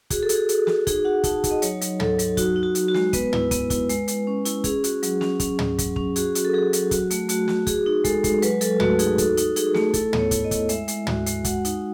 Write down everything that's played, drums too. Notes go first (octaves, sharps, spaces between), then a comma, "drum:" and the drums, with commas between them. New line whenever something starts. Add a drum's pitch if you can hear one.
F#4 G#4, drum: kick, hi-hat
A4
F#4, drum: hi-hat
G#4
F#4, drum: hi-hat
F#4, drum: snare
D#4 G#4, drum: kick, hi-hat
F#4 F#5
D#4 A5, drum: kick, hi-hat
D#4, drum: kick, hi-hat
D#5
F#3 C#5, drum: hi-hat
F#3, drum: hi-hat
F#3 A4, drum: tom
F#3, drum: hi-hat
D#4 F#4, drum: kick, hi-hat
D#4
F#4
F#4, drum: hi-hat
F#4
G#3, drum: snare
B3 B4, drum: kick, hi-hat
E4, drum: tom
B3, drum: kick, hi-hat
E4, drum: kick, hi-hat
G#3, drum: hi-hat
G#3, drum: hi-hat
C#4
E4, drum: hi-hat
C#4 G#4, drum: kick, hi-hat
F#4, drum: hi-hat
F#3, drum: hi-hat
C#4, drum: snare
C#4, drum: kick, hi-hat
C#4, drum: tom
F#3, drum: kick, hi-hat
C#4, drum: kick
F#4 G#4, drum: hi-hat
F#4, drum: hi-hat
A4
F#3 G#4
F#3, drum: hi-hat
F#4, drum: kick, hi-hat
A3, drum: hi-hat
A3 F#4, drum: hi-hat
F#4, drum: snare
F#4 G#4, drum: kick, hi-hat
D#4
G#3 A4, drum: kick, hi-hat
G#3, drum: kick, hi-hat
F#3 B4, drum: hi-hat
F#3 A4, drum: hi-hat
A3 F#4, drum: tom
D#4 G#4, drum: hi-hat
F#4 A4, drum: kick, hi-hat
D#4, drum: hi-hat
D#4 G#4, drum: hi-hat
A3, drum: snare
E4 A4, drum: kick, hi-hat
B3, drum: tom
C#5
E4, drum: kick, hi-hat
D#5
E4, drum: kick, hi-hat
G#3 E5, drum: hi-hat
G#3, drum: hi-hat
F#4, drum: tom
G#3, drum: hi-hat
F#4 F#5, drum: kick, hi-hat
D#4, drum: hi-hat